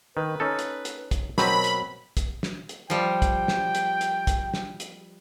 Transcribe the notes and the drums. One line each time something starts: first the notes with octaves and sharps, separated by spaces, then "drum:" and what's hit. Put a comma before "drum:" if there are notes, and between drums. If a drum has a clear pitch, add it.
D#3 B4
C#4 D#4 A4
drum: hi-hat
drum: hi-hat
drum: kick, hi-hat
B2 F#3 C4 A#4 B5, drum: snare
drum: hi-hat
drum: kick, hi-hat
drum: snare
drum: hi-hat
F3 G3 G5
drum: kick, hi-hat
drum: snare
drum: hi-hat
drum: hi-hat
drum: kick, hi-hat
drum: snare
drum: hi-hat